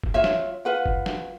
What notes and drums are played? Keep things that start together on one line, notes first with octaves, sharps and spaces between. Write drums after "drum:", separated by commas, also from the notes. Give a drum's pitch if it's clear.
drum: kick
F4 C#5 E5
drum: snare
F4 B4 F#5
drum: kick
drum: snare